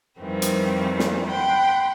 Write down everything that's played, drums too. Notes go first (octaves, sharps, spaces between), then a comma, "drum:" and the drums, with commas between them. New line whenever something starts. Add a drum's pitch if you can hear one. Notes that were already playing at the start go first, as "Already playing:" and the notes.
F2 D#3 E3 G3 C4
drum: hi-hat
drum: snare
F#5 G5 B5 C6